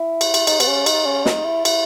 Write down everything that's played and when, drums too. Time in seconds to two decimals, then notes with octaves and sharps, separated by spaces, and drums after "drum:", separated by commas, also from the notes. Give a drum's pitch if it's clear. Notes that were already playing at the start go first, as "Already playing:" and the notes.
Already playing: E4
0.21 drum: cymbal
0.34 drum: cymbal
0.47 D#4, drum: cymbal
0.60 B3, drum: cymbal
0.67 C#4
0.86 D#4, drum: cymbal
1.06 C#4
1.26 D#4, drum: snare
1.45 E4
1.65 E4, drum: cymbal